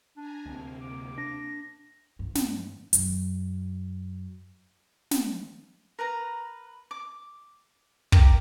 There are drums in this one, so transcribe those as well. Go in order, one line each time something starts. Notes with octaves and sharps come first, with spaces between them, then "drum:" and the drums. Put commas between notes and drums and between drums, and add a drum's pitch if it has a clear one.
D4 G#5 A#5
D2 C3 A#3 C4
D6
D4 A#6
G2
drum: snare
F#2, drum: hi-hat
drum: snare
A#4 B4 A#5
D6
G4 A#4 F5, drum: kick